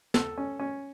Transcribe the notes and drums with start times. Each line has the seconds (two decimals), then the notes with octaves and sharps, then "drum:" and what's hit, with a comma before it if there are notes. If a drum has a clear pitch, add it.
0.14 A4, drum: snare
0.38 C#4
0.59 C#4